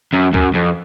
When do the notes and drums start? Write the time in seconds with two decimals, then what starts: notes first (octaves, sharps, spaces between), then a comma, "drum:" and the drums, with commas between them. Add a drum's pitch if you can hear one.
0.13 F#2
0.34 F#2, drum: kick C#2
0.55 F2